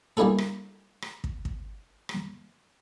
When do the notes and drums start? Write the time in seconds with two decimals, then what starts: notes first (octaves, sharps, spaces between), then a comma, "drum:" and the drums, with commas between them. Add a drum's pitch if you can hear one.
0.17 G3 A#3 D4 E4 G#4 A4
0.38 drum: rim click
1.02 drum: rim click
1.24 drum: kick
1.45 drum: kick
2.09 drum: rim click